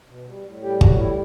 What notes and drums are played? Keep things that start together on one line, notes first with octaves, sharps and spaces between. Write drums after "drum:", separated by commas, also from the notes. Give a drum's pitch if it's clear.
B2
G3
A2
G3 G4
A2 F#4, drum: kick
G3 E4